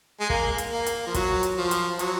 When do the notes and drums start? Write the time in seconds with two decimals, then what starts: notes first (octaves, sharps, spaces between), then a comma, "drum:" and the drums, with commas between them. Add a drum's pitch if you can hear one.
0.20 G#3
0.30 A#3, drum: kick
0.58 drum: hi-hat
0.72 A#3
0.86 drum: hi-hat
1.07 F3
1.14 F#3, drum: kick, hi-hat
1.43 drum: hi-hat
1.57 F3
1.71 drum: hi-hat
1.99 F#3, drum: hi-hat